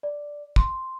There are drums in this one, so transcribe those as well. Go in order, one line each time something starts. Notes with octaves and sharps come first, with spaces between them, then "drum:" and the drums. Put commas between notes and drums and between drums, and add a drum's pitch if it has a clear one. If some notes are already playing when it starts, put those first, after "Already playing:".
D5
C6, drum: kick